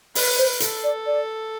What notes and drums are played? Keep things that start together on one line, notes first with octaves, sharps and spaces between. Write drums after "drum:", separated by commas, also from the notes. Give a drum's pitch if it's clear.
B4, drum: open hi-hat
C5
A4, drum: hi-hat
D5
D5